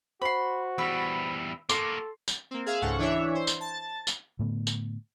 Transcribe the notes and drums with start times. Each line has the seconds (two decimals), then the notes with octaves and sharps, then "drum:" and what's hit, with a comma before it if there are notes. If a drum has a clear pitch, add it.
0.22 F#4 C5 B5 C6
0.78 E2 G3 B4 E5
1.69 A#3 F#4 A4 C6 D6 C7, drum: tambourine
2.28 drum: tambourine
2.51 A#3 C4
2.66 G#4 E5 F5
2.82 C#2 G#2 A4 F#5 C#6
2.98 E3 D4 E4 C#5 E5
3.35 C5
3.47 drum: tambourine
3.60 A5 A6
4.07 drum: tambourine
4.39 A2 D3 A3 B3
4.67 drum: tambourine